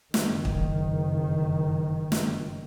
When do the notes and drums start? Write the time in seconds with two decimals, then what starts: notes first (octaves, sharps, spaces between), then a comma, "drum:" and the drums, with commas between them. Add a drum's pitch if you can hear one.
0.14 F#1 D#3, drum: snare
0.45 drum: kick
2.12 drum: snare